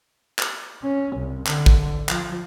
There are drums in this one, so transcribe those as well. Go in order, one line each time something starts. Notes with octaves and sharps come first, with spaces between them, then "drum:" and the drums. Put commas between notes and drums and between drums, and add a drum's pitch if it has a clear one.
drum: clap
C#4
C2
D3, drum: clap
drum: kick
F3, drum: clap